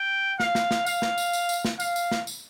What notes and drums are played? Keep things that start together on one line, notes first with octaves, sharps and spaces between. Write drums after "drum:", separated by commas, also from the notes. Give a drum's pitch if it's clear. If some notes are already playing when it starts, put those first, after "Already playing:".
Already playing: G5
F5, drum: snare
drum: snare
drum: snare
F5, drum: tambourine
drum: snare
drum: tambourine
drum: tambourine
drum: tambourine
drum: snare
F5, drum: tambourine
drum: tambourine
drum: snare
drum: tambourine